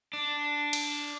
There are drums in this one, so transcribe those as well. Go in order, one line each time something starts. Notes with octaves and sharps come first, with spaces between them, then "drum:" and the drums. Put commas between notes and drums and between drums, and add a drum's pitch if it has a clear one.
D4
drum: cymbal